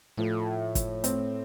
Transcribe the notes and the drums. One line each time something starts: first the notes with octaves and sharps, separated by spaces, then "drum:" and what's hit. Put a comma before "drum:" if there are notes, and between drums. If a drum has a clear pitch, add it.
A2 F3 A3
drum: kick, hi-hat
A3 C4, drum: hi-hat